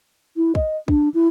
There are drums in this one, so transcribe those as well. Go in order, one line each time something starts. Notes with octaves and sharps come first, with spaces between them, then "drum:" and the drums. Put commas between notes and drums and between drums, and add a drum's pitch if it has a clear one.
E4
D#5, drum: kick
D4, drum: kick
E4